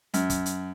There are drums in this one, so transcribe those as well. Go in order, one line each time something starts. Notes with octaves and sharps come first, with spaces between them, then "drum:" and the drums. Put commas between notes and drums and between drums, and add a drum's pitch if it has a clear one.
F#2, drum: hi-hat
drum: kick, hi-hat
drum: hi-hat